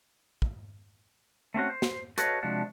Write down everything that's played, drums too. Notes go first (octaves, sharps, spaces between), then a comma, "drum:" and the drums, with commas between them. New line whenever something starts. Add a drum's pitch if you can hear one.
drum: kick
A3 C4 C#4 F#4
C5
drum: snare
F#4 A4 B4 C#5 D#5 F5, drum: hi-hat
C3 F3 G#3 D4 F#4